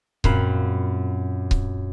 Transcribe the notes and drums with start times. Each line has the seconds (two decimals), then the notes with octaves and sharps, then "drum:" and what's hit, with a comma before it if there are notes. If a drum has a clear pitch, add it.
0.24 F#2 A#2 C4 F4 B5, drum: kick C#1
1.51 drum: kick C#1